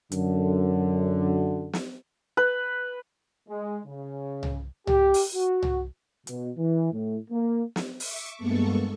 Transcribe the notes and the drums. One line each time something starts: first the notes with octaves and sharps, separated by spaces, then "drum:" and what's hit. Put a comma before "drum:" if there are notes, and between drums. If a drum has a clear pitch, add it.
F#2 D3, drum: hi-hat
drum: snare
B4
G#3
C#3
drum: tom C2
G4, drum: tom C2
drum: open hi-hat
F#4
drum: tom C2
B2, drum: hi-hat
E3
A2
A#3
drum: snare
E5 C#6 D6, drum: open hi-hat
G2 G#3 A#3 B3 A4 C#6